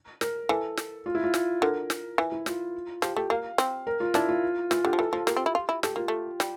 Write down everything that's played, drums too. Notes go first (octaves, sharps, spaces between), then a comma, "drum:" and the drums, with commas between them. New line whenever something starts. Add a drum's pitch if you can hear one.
A#4, drum: snare
E3 A4
drum: snare
F4
E4
F4
drum: snare
D3 A#4
drum: snare
E3
E4
F4, drum: snare
F3 G4, drum: snare
A3 G4
A#3 F5
C4, drum: snare
A#4
F4
D4 E4, drum: snare
F4
E3 F4, drum: snare
D3 G4
F3
E3 A4
F3 F4
A#3 G4, drum: snare
C4
E4
F4
E4
A3 G4, drum: snare
A#3 F4
A3
G3, drum: snare